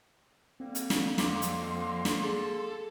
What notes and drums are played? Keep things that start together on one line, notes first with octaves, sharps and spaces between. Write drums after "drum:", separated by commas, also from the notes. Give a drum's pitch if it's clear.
D3 G3 A#3 C4
drum: hi-hat
drum: snare
F2 F5 C6 D6, drum: snare
drum: hi-hat
drum: snare
G#4 A4